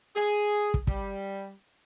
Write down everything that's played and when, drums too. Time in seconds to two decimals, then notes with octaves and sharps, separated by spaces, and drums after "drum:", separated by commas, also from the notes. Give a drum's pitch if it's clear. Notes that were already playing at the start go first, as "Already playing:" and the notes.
0.15 G#4
0.74 drum: kick
0.87 G3, drum: kick